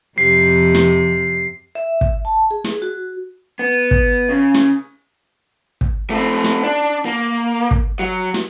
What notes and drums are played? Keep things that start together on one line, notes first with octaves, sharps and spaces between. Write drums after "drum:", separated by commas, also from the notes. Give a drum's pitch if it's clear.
F2 C3 C7
drum: snare
E5
drum: kick
A5
G#4
drum: snare
F#4
B3
drum: kick
C#3
drum: snare
drum: kick
A3 C4
drum: snare
D4
A#3
drum: kick
F#3
drum: snare